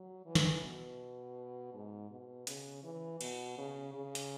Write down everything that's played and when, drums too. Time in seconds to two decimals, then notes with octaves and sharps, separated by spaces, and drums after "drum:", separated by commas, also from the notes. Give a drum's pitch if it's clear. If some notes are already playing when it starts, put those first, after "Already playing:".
Already playing: F#3
0.25 E3
0.35 drum: snare
0.62 B2
1.74 G#2
2.10 B2
2.47 C#3, drum: hi-hat
2.83 E3
3.21 B2, drum: cymbal
3.58 C#3
3.94 C#3
4.15 drum: hi-hat